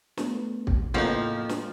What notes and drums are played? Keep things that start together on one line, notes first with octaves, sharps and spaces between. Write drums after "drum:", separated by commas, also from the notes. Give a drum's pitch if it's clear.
A3 B3, drum: snare
drum: kick
F2 A2 C#3 F3 A#3 B3 D#4
drum: snare